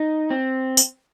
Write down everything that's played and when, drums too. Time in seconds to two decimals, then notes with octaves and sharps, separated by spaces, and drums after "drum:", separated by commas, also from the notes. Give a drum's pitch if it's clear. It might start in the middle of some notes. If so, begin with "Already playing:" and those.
Already playing: D#4
0.30 C4
0.77 drum: tambourine